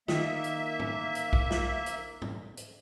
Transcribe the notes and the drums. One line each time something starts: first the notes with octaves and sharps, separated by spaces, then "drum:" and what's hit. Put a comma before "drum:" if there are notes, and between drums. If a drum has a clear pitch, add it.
D#3 A#3 E5, drum: snare
drum: hi-hat
drum: tom
drum: hi-hat
drum: kick B1
drum: snare
drum: hi-hat
drum: tom
drum: hi-hat